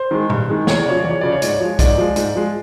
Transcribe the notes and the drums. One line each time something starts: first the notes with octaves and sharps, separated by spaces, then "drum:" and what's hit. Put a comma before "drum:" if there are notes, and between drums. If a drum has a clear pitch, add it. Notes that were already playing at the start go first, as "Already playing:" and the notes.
Already playing: C5
D#3 G#3
G2, drum: tom A2
D#3 G#3
E2 C#5, drum: snare
D5
C#3 F3 C#5
E2 D5
C#5
C#3 F3 D5
C#5
G#2 D5, drum: hi-hat
C#5
F3 G#3
G#2 D5, drum: kick B1, hi-hat
F3 G#3
G#2, drum: hi-hat
F3 G#3